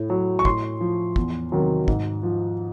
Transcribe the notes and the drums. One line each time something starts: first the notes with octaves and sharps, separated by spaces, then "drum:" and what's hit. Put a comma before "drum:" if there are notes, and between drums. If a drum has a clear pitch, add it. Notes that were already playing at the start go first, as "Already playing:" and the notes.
Already playing: A2
F#3
C#6
A2 C6, drum: kick
F3
E2, drum: kick
C3 D#3 F#3
G#2, drum: kick
F3